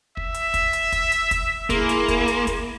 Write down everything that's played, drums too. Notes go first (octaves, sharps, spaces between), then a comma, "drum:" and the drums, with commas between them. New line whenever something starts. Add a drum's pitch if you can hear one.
E5, drum: kick
drum: hi-hat
drum: kick, hi-hat
drum: hi-hat
drum: kick, hi-hat
drum: hi-hat
drum: kick, hi-hat
A#3 E4 G#4 C6, drum: kick, hi-hat
drum: hi-hat
drum: kick, hi-hat
drum: hi-hat
drum: kick, hi-hat